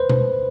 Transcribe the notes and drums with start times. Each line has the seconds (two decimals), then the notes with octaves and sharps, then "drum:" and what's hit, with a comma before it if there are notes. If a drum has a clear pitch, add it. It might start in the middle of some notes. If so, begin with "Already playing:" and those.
Already playing: B4 C5
0.09 drum: tom B2